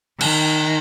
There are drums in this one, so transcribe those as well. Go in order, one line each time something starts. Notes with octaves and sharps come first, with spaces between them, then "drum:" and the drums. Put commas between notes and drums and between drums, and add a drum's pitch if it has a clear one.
D#3, drum: cymbal